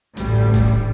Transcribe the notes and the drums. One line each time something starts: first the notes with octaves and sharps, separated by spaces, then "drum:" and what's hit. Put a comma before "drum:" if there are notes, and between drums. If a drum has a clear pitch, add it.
A1 D2 G3, drum: hi-hat
drum: kick E1, hi-hat